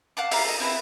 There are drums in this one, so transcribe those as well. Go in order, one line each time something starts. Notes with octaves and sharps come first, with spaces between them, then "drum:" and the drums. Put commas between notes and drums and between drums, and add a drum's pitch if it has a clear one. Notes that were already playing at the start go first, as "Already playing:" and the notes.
F5 F#5 A5 D6
E5 F5 A#5, drum: open hi-hat
A4 D#5
C4 E4 A#4 B4